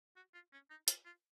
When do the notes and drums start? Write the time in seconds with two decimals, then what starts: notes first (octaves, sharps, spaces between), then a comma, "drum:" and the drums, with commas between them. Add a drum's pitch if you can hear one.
0.16 F#4
0.34 F4
0.53 C#4
0.70 D#4
0.88 F4, drum: hi-hat
1.06 F4